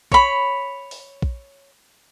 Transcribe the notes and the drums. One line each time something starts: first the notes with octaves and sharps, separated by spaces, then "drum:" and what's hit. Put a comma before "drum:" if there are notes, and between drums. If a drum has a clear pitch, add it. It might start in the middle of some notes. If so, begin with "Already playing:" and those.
C#5 B5, drum: kick A#1
drum: open hi-hat
drum: kick A#1